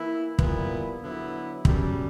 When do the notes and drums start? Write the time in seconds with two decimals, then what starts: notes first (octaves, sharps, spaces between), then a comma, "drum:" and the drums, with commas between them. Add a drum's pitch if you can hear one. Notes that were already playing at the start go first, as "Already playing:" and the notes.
Already playing: E3 A#3 E4
0.39 A#2 G3 B3 E4, drum: kick
1.02 D3 F#3 B3 E4
1.65 F#2 C#3 G3, drum: kick